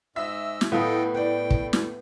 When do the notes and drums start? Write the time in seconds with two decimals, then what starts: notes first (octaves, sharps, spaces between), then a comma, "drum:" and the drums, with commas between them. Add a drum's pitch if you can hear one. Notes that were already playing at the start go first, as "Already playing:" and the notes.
0.16 G#2 D#5 E5 E6
0.61 drum: snare
0.72 A2 B3 A4 D#5 F5 G5 D#6
1.14 B4 D5 G5
1.50 drum: kick
1.73 drum: snare